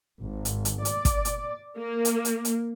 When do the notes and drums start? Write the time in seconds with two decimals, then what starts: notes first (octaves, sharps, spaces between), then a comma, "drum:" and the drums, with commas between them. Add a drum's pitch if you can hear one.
0.21 G#1
0.45 drum: hi-hat
0.65 drum: hi-hat
0.85 D5, drum: hi-hat
1.05 drum: kick, hi-hat
1.25 drum: hi-hat
1.78 A#3
2.05 drum: hi-hat
2.25 drum: hi-hat
2.45 drum: hi-hat